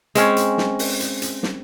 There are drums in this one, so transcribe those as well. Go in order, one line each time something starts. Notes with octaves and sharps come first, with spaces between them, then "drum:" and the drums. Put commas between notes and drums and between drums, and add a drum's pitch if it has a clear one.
G#3 C4 C#4 C#5, drum: hi-hat
drum: hi-hat
drum: snare
drum: open hi-hat
drum: hi-hat
drum: hi-hat
drum: snare